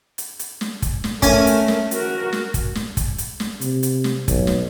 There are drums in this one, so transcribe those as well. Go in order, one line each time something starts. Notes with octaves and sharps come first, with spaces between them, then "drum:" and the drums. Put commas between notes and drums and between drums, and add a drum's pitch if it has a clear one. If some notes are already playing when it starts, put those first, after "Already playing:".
drum: hi-hat
drum: hi-hat
drum: snare
drum: kick, hi-hat
drum: snare
A3 C#4 A#4 G#5, drum: kick, hi-hat
drum: hi-hat
drum: snare
F#4 A#4, drum: hi-hat
drum: snare
drum: kick, hi-hat
drum: snare
drum: kick, hi-hat
drum: hi-hat
drum: snare
C3, drum: hi-hat
drum: hi-hat
drum: snare
B1, drum: kick, hi-hat
drum: snare